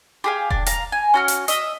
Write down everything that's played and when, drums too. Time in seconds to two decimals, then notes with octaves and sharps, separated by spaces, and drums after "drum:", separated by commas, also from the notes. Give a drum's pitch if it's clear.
0.24 G4 G#4 F5
0.50 D4, drum: kick E1
0.66 F5 A#5, drum: hi-hat
0.92 G#5
1.14 C#4 F#4 F6
1.28 drum: hi-hat
1.48 D#5 E5, drum: hi-hat